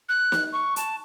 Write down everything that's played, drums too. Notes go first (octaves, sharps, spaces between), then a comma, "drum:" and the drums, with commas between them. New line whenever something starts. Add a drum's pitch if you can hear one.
F#6
drum: snare
C#6
A5, drum: hi-hat